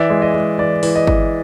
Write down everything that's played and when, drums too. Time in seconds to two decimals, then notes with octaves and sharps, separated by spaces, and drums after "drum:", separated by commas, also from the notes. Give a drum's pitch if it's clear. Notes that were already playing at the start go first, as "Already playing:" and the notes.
Already playing: E3 D5 E5
0.10 G#3
0.22 D#5
0.34 G#3
0.58 E3 D5
0.83 E3, drum: open hi-hat
0.95 D#5
1.07 E3, drum: kick G1